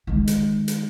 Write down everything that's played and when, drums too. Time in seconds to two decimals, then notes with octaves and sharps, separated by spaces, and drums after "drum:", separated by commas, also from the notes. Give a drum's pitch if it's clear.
0.07 D#3 G#3
0.27 drum: hi-hat
0.68 drum: hi-hat